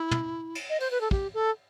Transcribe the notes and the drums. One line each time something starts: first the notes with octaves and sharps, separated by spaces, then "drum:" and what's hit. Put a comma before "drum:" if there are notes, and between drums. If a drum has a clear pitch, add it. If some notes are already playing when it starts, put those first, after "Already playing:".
Already playing: E4
drum: tom
drum: cymbal
D#5
C5, drum: open hi-hat
B4
A4
G4, drum: kick
A4